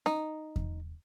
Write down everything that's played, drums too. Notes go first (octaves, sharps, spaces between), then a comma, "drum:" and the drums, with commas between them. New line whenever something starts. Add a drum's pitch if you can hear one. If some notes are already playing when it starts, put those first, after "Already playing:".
D#4, drum: snare C#4
drum: kick E2